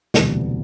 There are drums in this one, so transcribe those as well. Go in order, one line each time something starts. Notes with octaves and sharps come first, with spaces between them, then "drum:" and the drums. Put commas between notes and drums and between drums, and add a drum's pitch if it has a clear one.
E1 D2 C3 E3 G3, drum: snare